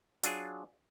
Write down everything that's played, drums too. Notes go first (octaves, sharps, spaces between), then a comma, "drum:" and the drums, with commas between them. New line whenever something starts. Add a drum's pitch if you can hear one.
F#3 D4 F4 G#4, drum: hi-hat